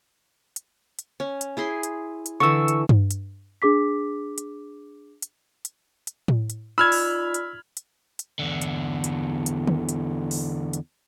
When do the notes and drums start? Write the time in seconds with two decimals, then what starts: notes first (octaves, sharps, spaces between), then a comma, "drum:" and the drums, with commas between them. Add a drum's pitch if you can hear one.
0.56 drum: hi-hat
0.99 drum: hi-hat
1.20 C#4
1.41 drum: hi-hat
1.57 E4 G#4 C6
1.83 drum: hi-hat
2.26 drum: hi-hat
2.40 D3 E3 C#6 E6
2.68 drum: hi-hat
2.89 drum: tom G2
3.11 drum: hi-hat
3.62 D4 G#4 D6 B6
4.38 drum: hi-hat
5.22 drum: hi-hat
5.65 drum: hi-hat
6.07 drum: hi-hat
6.28 drum: tom A2
6.50 drum: hi-hat
6.78 D#4 F4 D5 B5 E6 F6 G#6
6.92 drum: open hi-hat
7.34 drum: hi-hat
7.77 drum: hi-hat
8.19 drum: hi-hat
8.39 E2 D3
8.61 drum: hi-hat
9.04 drum: hi-hat
9.46 drum: hi-hat
9.67 drum: tom D3
9.89 drum: hi-hat
10.31 drum: open hi-hat
10.73 drum: hi-hat